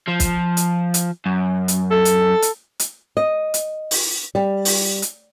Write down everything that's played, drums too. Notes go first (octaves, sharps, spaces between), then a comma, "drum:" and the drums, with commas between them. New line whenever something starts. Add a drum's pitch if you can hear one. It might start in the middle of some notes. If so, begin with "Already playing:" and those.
F3
drum: kick, hi-hat
drum: hi-hat
drum: hi-hat
F#2
drum: hi-hat
A4
drum: hi-hat
drum: hi-hat
drum: hi-hat
D#5
drum: hi-hat
drum: open hi-hat
G3
drum: open hi-hat
drum: hi-hat